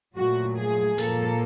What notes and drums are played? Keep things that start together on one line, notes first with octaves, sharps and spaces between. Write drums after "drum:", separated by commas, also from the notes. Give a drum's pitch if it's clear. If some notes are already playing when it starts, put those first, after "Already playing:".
A#2 F#3 A3 F#4
G#4
A#2 F3 A#3 A4, drum: open hi-hat